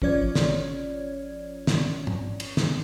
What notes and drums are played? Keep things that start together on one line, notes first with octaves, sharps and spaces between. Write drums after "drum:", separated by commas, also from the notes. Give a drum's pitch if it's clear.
G#1 F3 C#4 C#5 D5 G#6, drum: kick
drum: snare
drum: snare
drum: tom G#2
drum: cymbal
drum: snare